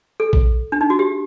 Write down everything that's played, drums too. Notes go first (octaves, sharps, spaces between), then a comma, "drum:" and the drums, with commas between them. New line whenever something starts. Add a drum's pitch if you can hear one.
A4
drum: kick A#1
D4
D#4
F#4
G4